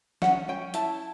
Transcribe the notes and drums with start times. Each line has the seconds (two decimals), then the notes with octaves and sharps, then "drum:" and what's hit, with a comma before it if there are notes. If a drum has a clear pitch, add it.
0.22 C#4 F#5, drum: snare
0.48 C#4 G5
0.74 E4 A5, drum: hi-hat